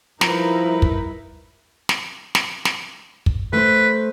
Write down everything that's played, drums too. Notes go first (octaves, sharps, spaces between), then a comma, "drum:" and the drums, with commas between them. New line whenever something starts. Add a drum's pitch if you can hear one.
F3 G3 D#4 E4 A#4 B4 A#5, drum: snare
drum: kick
drum: snare
drum: snare
drum: snare
drum: kick
A3 B4 C5